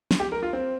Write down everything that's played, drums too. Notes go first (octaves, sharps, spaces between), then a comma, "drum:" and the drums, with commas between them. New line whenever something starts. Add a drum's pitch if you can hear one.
drum: snare
G4
A#4
F4
C4